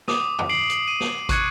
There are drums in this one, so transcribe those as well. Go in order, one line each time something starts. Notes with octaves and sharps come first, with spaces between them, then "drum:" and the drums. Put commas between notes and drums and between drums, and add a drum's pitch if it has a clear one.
D6 D#6 D#7, drum: snare
drum: tom
C7 D7 F#7
drum: hi-hat
D#7
drum: snare
C#6 F#6 G#6 C#7, drum: kick, hi-hat